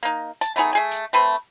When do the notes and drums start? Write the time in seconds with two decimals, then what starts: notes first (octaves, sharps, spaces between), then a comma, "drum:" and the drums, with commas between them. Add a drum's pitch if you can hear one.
0.03 A#3 D#4
0.41 A5, drum: hi-hat
0.56 A3 B3 D#4 G#4
0.73 A3 G#4 G#5
0.91 drum: hi-hat
1.13 A3 C4 A4 B4